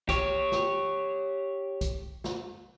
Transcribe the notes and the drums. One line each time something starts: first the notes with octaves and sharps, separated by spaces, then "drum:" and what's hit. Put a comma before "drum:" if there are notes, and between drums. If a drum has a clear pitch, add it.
G4 C#5, drum: kick B1, hi-hat
drum: snare
drum: kick B1, hi-hat
drum: snare